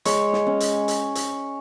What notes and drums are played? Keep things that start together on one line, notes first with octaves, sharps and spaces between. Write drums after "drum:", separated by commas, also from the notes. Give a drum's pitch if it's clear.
G#3 C#5, drum: hi-hat
drum: snare
C#4
drum: hi-hat
drum: hi-hat
drum: hi-hat